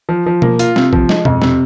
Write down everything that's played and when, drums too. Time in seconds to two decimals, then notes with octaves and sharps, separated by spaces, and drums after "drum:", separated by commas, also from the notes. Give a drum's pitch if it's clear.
0.09 F3
0.26 F3
0.42 A#3, drum: tom B2
0.59 F4, drum: hi-hat
0.76 C3, drum: snare
0.93 F3, drum: kick A#1
1.09 G#3, drum: snare
1.25 F2, drum: tom B2
1.42 C3, drum: snare